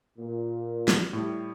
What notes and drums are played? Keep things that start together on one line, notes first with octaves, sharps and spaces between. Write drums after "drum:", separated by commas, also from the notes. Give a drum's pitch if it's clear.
A#2
drum: snare
A2 G3